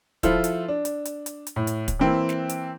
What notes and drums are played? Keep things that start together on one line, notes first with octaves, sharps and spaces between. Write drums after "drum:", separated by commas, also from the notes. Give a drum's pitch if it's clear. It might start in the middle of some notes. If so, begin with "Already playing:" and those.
F3 E4 F4 A4 C5, drum: kick, hi-hat
drum: hi-hat
D4
drum: hi-hat
drum: hi-hat
drum: hi-hat
drum: hi-hat
A2
drum: hi-hat
drum: kick, hi-hat
E3 A#3 C4 E4
drum: snare
drum: hi-hat